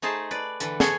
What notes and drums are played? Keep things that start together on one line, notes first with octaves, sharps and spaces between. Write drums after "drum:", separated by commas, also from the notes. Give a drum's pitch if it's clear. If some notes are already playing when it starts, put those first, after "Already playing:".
A3 D#4 G#4 C5 A5
B4 D5
D3 E3 A4 B4, drum: hi-hat
G#4 A4 C#5 G#5, drum: snare